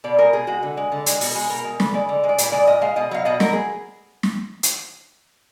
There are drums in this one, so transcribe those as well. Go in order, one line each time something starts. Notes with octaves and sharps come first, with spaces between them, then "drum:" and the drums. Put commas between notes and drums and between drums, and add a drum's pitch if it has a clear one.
B2 D5
G#3 A#4
B2 G#4
G#3 F#4
D3
G#3
D3
G#3, drum: hi-hat
B2, drum: open hi-hat
G#3
B2 A#4
G#3
D3 B4, drum: snare
G#3 D5
D3
G#3
D5
A#2 B4, drum: hi-hat
G#3 D5
A#2 D#5
G#3 F5
B2 D#5
F#3 F5
B2 D#5
F#3 A#4, drum: snare
G#4
drum: snare
drum: hi-hat